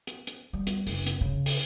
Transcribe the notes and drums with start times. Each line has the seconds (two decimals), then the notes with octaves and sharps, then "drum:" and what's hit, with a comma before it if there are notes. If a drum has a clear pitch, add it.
0.07 drum: hi-hat
0.27 drum: hi-hat
0.53 G3
0.67 drum: hi-hat
0.87 F#1, drum: open hi-hat
1.06 drum: hi-hat
1.21 C#3
1.46 drum: open hi-hat